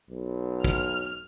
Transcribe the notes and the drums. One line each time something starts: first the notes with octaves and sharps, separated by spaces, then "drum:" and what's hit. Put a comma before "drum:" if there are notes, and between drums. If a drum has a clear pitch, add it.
B1
F6, drum: kick